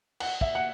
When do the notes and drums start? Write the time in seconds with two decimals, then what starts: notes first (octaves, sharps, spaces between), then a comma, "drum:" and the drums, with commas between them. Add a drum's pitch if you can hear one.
0.20 F#5, drum: cymbal
0.41 E5, drum: kick
0.55 F#5